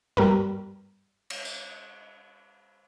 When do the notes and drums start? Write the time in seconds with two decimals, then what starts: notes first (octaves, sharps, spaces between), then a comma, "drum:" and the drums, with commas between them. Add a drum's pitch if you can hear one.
0.17 G3 A#4 B4, drum: tom G#2
1.30 drum: cymbal
1.45 drum: tambourine